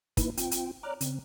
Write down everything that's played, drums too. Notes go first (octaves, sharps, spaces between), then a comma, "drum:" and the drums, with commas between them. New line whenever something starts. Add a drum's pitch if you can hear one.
A#3 D#4 E4 B4, drum: kick, hi-hat
C4 F4 G5, drum: hi-hat
drum: hi-hat
C#5 D5 A#5 D6 F6 F#6
C#3 C4, drum: hi-hat